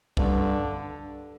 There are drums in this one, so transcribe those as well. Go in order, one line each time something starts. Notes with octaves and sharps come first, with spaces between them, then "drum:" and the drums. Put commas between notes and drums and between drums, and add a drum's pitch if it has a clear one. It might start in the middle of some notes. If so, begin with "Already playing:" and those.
G2 D3, drum: kick